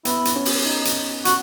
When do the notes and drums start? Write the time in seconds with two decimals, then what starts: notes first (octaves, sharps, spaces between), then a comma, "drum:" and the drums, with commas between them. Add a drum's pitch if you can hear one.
0.05 B3 E4, drum: hi-hat
0.25 drum: hi-hat
0.36 C#4
0.45 drum: open hi-hat
0.65 D#4
0.85 drum: hi-hat
1.25 F#4, drum: hi-hat